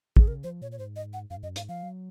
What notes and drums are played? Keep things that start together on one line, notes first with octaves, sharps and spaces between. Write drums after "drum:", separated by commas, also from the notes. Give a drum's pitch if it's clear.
G#4, drum: kick
C#3 A#4
F3 C5
A#2 C#5
C#5
G#2 C5
D#5
F#5
F#2 F5
G#2
F#2 D#5
G#2 F5, drum: hi-hat
F3 F5
F#3